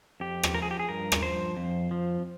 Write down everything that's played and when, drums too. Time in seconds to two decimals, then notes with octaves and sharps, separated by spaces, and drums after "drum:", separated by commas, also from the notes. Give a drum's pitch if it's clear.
0.20 F2 G4
0.43 drum: rim click
0.54 F3 A#4
0.62 G#4
0.71 G4
0.79 G#4
0.89 G2 A#4
1.12 drum: rim click
1.23 F3 C5
1.57 F2
1.91 F3